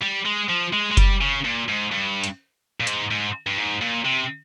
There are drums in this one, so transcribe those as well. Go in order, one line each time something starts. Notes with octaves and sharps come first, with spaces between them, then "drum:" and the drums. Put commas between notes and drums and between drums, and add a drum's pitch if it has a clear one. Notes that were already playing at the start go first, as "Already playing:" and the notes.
G3
G#3
F3
G#3
G#3
G3, drum: kick F#1, hi-hat
C#3
A#2
G#2
G2
drum: hi-hat
A#2
G#2, drum: hi-hat
G#2
G2
G#2
A#2
C3